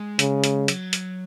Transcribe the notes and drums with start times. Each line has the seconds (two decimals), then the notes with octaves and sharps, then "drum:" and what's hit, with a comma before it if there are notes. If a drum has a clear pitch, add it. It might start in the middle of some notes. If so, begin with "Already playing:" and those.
Already playing: G#3
0.19 C#3, drum: hi-hat
0.44 drum: hi-hat
0.68 F#3, drum: hi-hat
0.93 drum: hi-hat